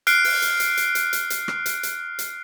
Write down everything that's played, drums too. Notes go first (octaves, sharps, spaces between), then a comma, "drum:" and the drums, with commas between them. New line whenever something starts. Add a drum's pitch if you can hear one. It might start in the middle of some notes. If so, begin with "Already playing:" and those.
F6 F#6 C7 D7, drum: hi-hat
drum: open hi-hat
drum: hi-hat
drum: hi-hat
drum: hi-hat
drum: hi-hat
drum: hi-hat
drum: hi-hat
drum: rim click
drum: hi-hat
drum: hi-hat
drum: hi-hat